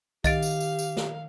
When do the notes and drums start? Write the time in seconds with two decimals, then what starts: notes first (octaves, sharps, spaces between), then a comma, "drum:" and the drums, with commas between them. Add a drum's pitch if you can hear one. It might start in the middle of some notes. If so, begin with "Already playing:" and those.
0.24 D#3 G4 D#5 F5 A6 D7, drum: kick C2, tambourine
0.42 drum: tambourine
0.61 drum: tambourine
0.79 drum: tambourine
0.97 drum: snare